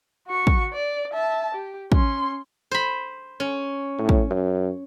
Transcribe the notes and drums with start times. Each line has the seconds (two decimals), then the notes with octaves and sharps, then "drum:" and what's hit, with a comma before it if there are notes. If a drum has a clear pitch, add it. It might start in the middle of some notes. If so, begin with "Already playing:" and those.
0.28 F#4 C#6
0.47 drum: kick
0.73 D5
1.13 E5 A5
1.55 G4
1.92 C#4 C6, drum: kick
2.71 C5 B5
3.40 C#4
3.99 A2
4.09 drum: kick
4.31 F#2